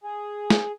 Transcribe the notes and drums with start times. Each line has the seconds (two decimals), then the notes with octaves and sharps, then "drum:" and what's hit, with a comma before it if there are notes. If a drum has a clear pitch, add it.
0.04 G#4
0.50 drum: snare